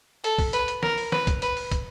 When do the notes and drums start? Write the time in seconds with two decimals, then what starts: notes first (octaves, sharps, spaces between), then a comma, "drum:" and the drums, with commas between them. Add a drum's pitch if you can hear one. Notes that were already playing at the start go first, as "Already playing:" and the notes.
0.24 A4, drum: hi-hat
0.38 drum: kick, open hi-hat
0.53 B4, drum: hi-hat
0.68 drum: hi-hat
0.83 A#4, drum: snare
0.98 drum: open hi-hat
1.12 B4, drum: snare
1.27 drum: kick, hi-hat
1.42 B4, drum: hi-hat
1.57 drum: open hi-hat
1.72 drum: kick, hi-hat